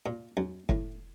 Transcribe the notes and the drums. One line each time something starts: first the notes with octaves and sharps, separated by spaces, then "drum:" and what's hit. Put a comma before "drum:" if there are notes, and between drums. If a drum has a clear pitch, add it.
A#2
F#2
A2, drum: kick